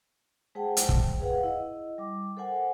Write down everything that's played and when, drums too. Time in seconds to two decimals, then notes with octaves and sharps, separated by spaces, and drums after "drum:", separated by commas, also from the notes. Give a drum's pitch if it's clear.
0.55 G#3 G#4 C5 F#5 G5 A5
0.77 C5 G5, drum: hi-hat
0.89 drum: kick
1.19 G#4 B4 F5 F#5
1.43 E4 D#5
1.98 G3 D6
2.37 A4 A#4 C5 F#5 G#5